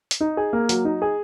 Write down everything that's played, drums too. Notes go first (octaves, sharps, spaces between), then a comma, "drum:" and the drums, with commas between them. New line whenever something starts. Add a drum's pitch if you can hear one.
drum: hi-hat
D#4
G#4
A#3
F#3, drum: hi-hat
D#4
G#4